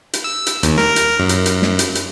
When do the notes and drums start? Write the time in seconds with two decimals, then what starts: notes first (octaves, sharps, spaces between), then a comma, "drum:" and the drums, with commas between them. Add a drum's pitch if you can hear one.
0.13 drum: hi-hat
0.24 E6
0.47 drum: hi-hat
0.63 D#2, drum: hi-hat
0.78 A#4, drum: snare
0.96 drum: hi-hat
1.19 F#2
1.29 drum: hi-hat
1.46 drum: hi-hat
1.62 drum: snare
1.79 drum: hi-hat
1.95 drum: hi-hat